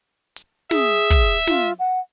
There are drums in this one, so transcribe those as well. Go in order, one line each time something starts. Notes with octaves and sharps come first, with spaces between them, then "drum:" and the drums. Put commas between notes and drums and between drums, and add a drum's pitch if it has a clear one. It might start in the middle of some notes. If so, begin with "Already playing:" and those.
drum: hi-hat
G#4 E5, drum: snare
drum: kick
F4, drum: snare
F#5